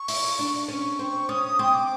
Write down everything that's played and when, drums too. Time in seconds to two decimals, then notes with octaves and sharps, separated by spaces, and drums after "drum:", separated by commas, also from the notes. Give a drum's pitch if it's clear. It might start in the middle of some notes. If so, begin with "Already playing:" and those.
Already playing: C#6
0.08 E4, drum: open hi-hat
0.39 D4
0.68 C#4
0.99 C4
1.29 C#4 D#6
1.59 C4
1.74 D6